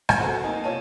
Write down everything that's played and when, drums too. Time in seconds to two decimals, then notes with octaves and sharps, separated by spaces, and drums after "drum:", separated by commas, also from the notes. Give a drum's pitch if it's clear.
0.09 drum: rim click
0.19 B3 C4 F#4 A4 C5
0.44 A#3 D#4 G#5 A5
0.64 C3 F4 C#5 A5 D#7